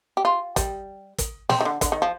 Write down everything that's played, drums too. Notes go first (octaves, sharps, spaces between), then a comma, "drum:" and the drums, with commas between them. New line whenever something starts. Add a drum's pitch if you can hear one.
G4
F4
G3, drum: kick, hi-hat
drum: kick, hi-hat
C4, drum: snare
D#3
D3
D3, drum: kick, hi-hat
D#3
F3